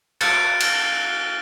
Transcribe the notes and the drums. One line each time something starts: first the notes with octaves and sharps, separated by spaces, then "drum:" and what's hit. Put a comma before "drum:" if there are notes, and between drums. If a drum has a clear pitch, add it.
F6 F#6 A6 C#7 D7, drum: cymbal
F6 G7, drum: cymbal